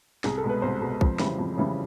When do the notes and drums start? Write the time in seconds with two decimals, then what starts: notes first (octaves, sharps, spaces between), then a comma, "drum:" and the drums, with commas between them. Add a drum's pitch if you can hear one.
0.24 C2 G#4, drum: snare
0.38 A4
0.44 B2 G#3
0.49 B4
0.62 C2 C5
0.81 B2 G#3
1.01 F2, drum: kick
1.19 C#3 E3 G3, drum: snare
1.39 F2
1.57 C#3 E3 G3